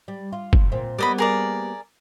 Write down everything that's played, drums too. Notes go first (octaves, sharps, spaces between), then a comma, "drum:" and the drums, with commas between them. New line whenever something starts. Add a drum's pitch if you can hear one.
G3
F4
drum: kick
A#2 C4
G3 A#3 B3 D5 D#5 B5
G#4 A#4 D5